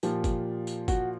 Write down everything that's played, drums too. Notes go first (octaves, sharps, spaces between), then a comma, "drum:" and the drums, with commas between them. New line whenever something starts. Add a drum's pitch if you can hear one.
A#2 F3 G4, drum: tambourine
drum: kick, tambourine
drum: tambourine
F#4, drum: kick, tambourine